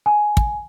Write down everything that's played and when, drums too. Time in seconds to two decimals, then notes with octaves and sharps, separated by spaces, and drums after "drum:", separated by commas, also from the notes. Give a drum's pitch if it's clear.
0.06 G#5
0.37 drum: kick